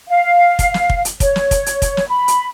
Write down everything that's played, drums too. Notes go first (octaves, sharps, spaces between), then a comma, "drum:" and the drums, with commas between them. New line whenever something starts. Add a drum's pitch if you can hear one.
F5
drum: kick, hi-hat
drum: snare
drum: kick
drum: hi-hat
C#5, drum: kick, hi-hat
drum: snare
drum: kick, hi-hat
drum: hi-hat
drum: kick, hi-hat
drum: snare
B5
drum: hi-hat